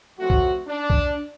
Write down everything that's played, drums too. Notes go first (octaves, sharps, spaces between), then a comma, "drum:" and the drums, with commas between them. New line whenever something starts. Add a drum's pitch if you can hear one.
F3 F#3 A3 C4 F#4
drum: kick B1
D4
drum: kick B1